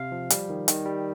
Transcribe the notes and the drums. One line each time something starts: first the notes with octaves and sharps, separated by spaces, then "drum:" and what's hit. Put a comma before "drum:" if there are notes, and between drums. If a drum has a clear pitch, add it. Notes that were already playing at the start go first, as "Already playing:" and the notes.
Already playing: C3 F5
F3
G3, drum: hi-hat
D#3
D#3, drum: hi-hat
G3